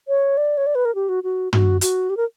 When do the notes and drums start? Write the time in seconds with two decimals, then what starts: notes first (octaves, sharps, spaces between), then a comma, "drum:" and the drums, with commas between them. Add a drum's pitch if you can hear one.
0.08 C#5
0.37 D5
0.57 C#5
0.67 D5
0.75 B4
0.85 A#4
0.95 G4
1.09 F#4
1.24 F#4
1.53 F#4, drum: tom
1.81 F#4, drum: hi-hat
2.10 G4
2.17 A#4